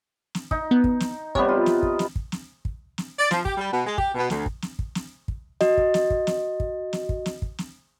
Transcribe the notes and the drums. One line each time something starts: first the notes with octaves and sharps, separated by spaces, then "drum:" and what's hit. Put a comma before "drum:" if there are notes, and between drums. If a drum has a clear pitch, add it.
drum: snare
D#4, drum: kick
B3
drum: kick
drum: snare
C3 G3 B3 C#5, drum: kick
F4
drum: snare
drum: kick
drum: snare
drum: kick
drum: snare
drum: kick
drum: snare
D5
F3, drum: snare
G4, drum: kick
G3
B2
G#3
G4, drum: kick
B2
D2, drum: snare
drum: kick
drum: snare
drum: kick
drum: snare
drum: kick
F#4 D#5, drum: snare
drum: kick
drum: snare
drum: kick
drum: snare
drum: kick
drum: snare
drum: kick
drum: snare
drum: kick
drum: snare